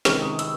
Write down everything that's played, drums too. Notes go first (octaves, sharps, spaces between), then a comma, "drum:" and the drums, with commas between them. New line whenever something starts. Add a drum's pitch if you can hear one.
C#2 C3 D#3 G#3 C#6, drum: snare
D#6
E6, drum: hi-hat